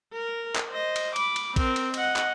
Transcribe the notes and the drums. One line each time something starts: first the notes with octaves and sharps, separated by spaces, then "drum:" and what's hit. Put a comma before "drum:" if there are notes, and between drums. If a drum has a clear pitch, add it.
A#4
drum: clap
C5 D#5
drum: cymbal
B5 D6, drum: cymbal
drum: cymbal
C4 A#4, drum: kick A#1, cymbal
drum: cymbal
D#5 F#5, drum: cymbal
drum: clap